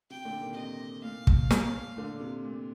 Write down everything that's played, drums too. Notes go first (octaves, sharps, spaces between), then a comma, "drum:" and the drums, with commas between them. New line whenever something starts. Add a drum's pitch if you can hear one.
C3 G5
A#2 D3
C3 D#3
C3 D#5
A#2 F5
drum: kick
drum: snare
A#2 D3
C3
A#2